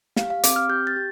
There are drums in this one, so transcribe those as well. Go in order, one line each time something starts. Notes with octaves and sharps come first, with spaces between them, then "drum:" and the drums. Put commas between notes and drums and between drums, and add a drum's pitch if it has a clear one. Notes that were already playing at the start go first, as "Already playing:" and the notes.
G4 F5, drum: snare
F5
C4 D6, drum: hi-hat
F6
G4 G6
A6
G4